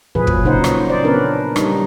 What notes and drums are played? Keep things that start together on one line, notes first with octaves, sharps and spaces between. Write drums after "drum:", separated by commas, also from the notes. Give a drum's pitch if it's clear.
A#2 F3 F#3 G#4 B4
drum: kick
A#2 C#3 F#3 D#4 C5 F#5
drum: rim click
C5 D5
B3 C#4 D4 A#4 B4
G3 D#4, drum: rim click